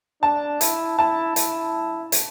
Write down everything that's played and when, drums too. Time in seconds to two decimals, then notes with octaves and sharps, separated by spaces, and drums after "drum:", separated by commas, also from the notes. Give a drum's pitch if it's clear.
0.22 D4 A5
0.61 E4, drum: hi-hat
0.98 E4 A5
1.36 E4, drum: hi-hat
2.12 drum: hi-hat